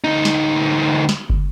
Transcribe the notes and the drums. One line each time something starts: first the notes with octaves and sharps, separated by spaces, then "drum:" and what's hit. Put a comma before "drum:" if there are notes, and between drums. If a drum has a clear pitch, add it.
D2 D#4
drum: snare
drum: snare
drum: kick